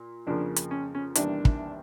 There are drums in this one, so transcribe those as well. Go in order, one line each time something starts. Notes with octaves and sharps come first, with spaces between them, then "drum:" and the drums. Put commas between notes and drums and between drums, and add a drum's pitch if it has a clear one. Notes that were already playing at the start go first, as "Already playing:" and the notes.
Already playing: A#2
F2 C#3 F3 A#3 D4
drum: hi-hat
C#4
C#4
E2 C3 D#3 G3 A#3 D4, drum: hi-hat
drum: kick